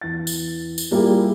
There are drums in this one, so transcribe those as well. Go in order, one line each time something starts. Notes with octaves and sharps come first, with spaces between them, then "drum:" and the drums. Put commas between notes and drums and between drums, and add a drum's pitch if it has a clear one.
E2 A6
drum: tambourine
drum: tambourine
G3 A#3 E4 F4 G4 G#4